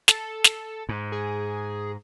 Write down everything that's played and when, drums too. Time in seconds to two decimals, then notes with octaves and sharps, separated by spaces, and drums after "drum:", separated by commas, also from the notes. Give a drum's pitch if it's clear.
0.08 A4, drum: snare
0.44 drum: snare
0.89 G#2
1.12 G#4